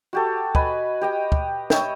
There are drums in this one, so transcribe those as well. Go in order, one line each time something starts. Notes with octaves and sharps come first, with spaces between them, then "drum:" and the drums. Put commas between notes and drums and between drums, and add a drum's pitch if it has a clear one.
F#4 G4 A4
B4 D#5 G#5 B5, drum: kick
G4 D#5 G5
drum: kick
C#5 D#5 E5 G5, drum: snare